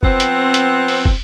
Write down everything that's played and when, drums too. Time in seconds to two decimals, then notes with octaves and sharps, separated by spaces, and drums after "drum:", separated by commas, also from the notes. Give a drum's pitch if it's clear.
0.03 F3 B3 C4, drum: kick
0.20 drum: hi-hat
0.54 drum: hi-hat
0.88 drum: open hi-hat
1.05 drum: kick